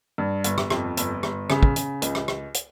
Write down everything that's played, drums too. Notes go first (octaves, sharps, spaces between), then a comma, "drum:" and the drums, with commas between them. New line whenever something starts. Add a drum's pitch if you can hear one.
G2
G1, drum: hi-hat
drum: rim click
F2, drum: rim click
G1, drum: hi-hat
G1, drum: rim click
C#3, drum: rim click
drum: kick
C#3, drum: hi-hat
C#2, drum: hi-hat
drum: rim click
drum: rim click
drum: hi-hat